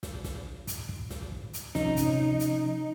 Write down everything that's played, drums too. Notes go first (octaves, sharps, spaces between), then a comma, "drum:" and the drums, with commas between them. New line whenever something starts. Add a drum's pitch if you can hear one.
drum: snare
drum: snare
drum: kick, hi-hat
drum: kick
drum: snare
drum: kick
drum: hi-hat
C3 F3 C#4 D#4, drum: snare
drum: kick, hi-hat
drum: hi-hat